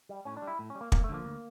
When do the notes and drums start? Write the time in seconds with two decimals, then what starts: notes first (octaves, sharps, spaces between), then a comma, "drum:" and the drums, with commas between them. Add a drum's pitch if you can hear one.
0.09 G3
0.25 A2 C#4
0.37 D4
0.42 G3
0.47 E4
0.59 A2
0.70 C#4
0.75 G3
0.81 A#3
0.92 D2 A#3, drum: kick
1.04 A3
1.09 D3 F3 A#3
1.25 D2